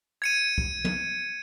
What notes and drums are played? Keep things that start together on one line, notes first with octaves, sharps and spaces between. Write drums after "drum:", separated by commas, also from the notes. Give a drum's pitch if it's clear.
G#6 C#7 D#7
drum: kick C2
drum: tom